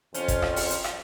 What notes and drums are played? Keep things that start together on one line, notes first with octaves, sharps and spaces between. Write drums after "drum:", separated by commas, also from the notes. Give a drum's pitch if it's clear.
F2 C#4 F4 C5, drum: hi-hat
drum: kick G1, hi-hat
drum: rim click
drum: open hi-hat
drum: hi-hat
drum: rim click